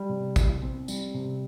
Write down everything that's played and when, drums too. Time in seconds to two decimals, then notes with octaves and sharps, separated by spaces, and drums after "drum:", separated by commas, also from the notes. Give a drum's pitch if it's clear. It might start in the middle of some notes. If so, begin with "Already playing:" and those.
Already playing: G3
0.09 C3
0.36 C2, drum: kick, tambourine
0.62 C4
0.88 G3, drum: tambourine
1.14 C3